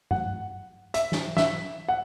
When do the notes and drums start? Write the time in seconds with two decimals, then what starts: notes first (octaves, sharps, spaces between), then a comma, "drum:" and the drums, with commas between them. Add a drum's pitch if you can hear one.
0.11 F#5, drum: tom G2
0.94 E5, drum: hi-hat
1.12 drum: snare
1.37 E5, drum: snare
1.89 F#5